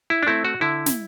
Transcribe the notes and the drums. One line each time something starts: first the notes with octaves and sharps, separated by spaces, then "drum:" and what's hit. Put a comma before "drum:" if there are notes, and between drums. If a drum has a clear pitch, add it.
E4
D4
A3 C4 E4
F#4
D3 E4
drum: snare